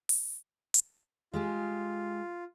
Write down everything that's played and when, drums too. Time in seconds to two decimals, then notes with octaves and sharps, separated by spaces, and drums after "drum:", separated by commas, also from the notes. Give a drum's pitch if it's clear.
0.09 drum: open hi-hat
0.74 drum: hi-hat
1.33 G#3 F4 G4 G#4